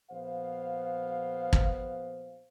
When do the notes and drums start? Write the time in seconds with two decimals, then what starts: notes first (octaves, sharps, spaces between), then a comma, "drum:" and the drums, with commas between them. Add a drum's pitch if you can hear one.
0.10 A#1 B3 C5 F5
1.53 drum: kick